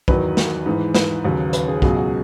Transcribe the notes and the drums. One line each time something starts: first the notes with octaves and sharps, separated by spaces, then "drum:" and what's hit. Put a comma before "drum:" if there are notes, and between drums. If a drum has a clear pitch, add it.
E2 D#3 F#3 B4, drum: kick
drum: snare
G#2 E3
B4, drum: snare
D#2 C#3 F#3
B4, drum: hi-hat
G#4
C#2 B2 F#3 G#4, drum: kick
F#4